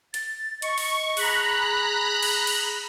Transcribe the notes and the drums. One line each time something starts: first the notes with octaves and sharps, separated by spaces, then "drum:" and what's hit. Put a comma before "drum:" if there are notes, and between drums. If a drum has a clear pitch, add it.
A6, drum: hi-hat
D#5 C#6, drum: hi-hat
drum: open hi-hat
G#4 A#5 B5 F#6, drum: open hi-hat
drum: cymbal
drum: cymbal